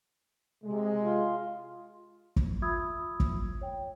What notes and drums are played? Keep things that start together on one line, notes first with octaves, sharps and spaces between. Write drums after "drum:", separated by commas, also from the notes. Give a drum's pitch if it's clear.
C3 G#3
F4
drum: kick
F4 E5 B5 D#6 E6 G#6
drum: kick
C#5 G5